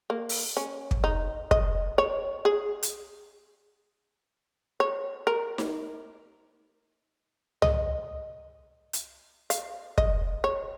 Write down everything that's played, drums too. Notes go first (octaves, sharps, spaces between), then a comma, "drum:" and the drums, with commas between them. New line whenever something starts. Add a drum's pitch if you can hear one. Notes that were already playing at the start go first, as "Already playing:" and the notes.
A#3
drum: open hi-hat
C#4
drum: kick
D#4
D#5, drum: kick
C#5
G#4
drum: hi-hat
C#5
A#4
drum: snare D#4
D#5, drum: tom
drum: hi-hat
F5, drum: hi-hat
D#5, drum: kick
C#5